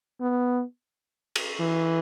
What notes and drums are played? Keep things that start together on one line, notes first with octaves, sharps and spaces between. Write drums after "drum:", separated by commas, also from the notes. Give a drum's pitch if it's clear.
B3
drum: cymbal
E3